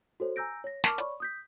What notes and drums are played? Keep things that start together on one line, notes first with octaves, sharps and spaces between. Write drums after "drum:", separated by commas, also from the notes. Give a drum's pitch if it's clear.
F#4 A4 C5 C#5
G#5 A#5 E6 G6 A#6 D7
C#5 A#6
A#4 A5 C#6 D6 F6, drum: snare
C#5 D5 B5 C#6, drum: hi-hat
D#6 G6 B6